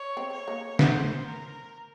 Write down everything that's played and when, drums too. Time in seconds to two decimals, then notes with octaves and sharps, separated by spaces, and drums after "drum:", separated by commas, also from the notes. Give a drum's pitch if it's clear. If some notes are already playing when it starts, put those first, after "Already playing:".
Already playing: C#5
0.17 C4
0.33 C#5
0.48 A#3
0.79 B3 C5, drum: snare
1.26 A#4